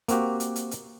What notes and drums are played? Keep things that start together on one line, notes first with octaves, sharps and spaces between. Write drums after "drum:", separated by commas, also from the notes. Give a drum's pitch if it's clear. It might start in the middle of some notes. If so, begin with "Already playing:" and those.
A#3 C4 F#4 G4, drum: hi-hat
drum: hi-hat
drum: hi-hat
drum: hi-hat